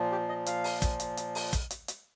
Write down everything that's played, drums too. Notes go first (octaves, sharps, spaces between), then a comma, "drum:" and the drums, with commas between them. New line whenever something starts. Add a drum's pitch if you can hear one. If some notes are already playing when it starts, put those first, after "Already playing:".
Already playing: A#2 F3
G4
D#5
F5, drum: hi-hat
drum: open hi-hat
drum: kick, hi-hat
drum: hi-hat
drum: hi-hat
drum: open hi-hat
drum: kick, hi-hat
drum: hi-hat
drum: hi-hat